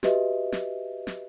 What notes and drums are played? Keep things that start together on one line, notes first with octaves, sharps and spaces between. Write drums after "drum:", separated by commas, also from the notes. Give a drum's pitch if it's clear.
F#4 G4 B4 D#5 E5, drum: snare
drum: snare
drum: snare